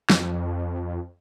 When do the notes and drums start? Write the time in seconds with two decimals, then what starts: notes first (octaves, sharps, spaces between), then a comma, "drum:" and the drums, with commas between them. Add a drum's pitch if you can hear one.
0.10 F2, drum: snare